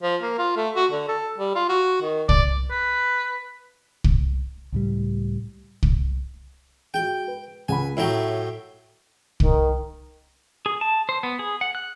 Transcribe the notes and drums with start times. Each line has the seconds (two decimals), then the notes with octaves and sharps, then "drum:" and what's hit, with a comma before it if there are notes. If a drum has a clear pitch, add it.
0.03 F3
0.22 A#3
0.39 F4
0.57 A3
0.76 F#4
0.91 D3
1.09 A4
1.38 G3
1.56 F4
1.69 F#4
2.02 D#3
2.29 D5, drum: kick
2.71 B4
4.04 drum: kick
4.72 C#2 A2 G3
5.83 drum: kick
6.94 G#3 F#4 G5
7.28 B4
7.69 C#2 F#5 G#5 B5
7.97 A2 F#3 E4 G4
9.40 D#3, drum: kick
10.66 G#4
10.81 A5
11.09 C5
11.23 B3
11.39 G#4
11.61 F#5
11.75 F#6